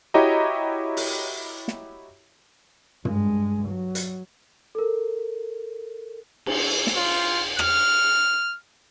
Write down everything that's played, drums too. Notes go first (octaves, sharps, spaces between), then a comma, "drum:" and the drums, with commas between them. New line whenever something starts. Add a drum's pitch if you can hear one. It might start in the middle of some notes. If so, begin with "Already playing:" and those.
E4 F#4 G4 C#5 D#5 A#5
drum: open hi-hat
drum: snare
G2 G#3, drum: tom
F#3
drum: hi-hat
A4 A#4
drum: cymbal
drum: snare
F4
F6, drum: rim click